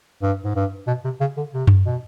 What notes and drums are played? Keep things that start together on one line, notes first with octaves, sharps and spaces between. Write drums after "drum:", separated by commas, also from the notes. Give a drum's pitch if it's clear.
G2
G#2
G2
B2
C3
C#3
D3
C3
drum: tom F#2
B2